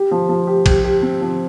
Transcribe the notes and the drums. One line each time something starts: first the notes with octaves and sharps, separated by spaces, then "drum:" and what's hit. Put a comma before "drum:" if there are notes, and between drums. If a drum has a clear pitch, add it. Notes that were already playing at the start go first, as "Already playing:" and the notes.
Already playing: G4
F3
F3
G4
G4, drum: kick A#1, cymbal
G4
C4
F3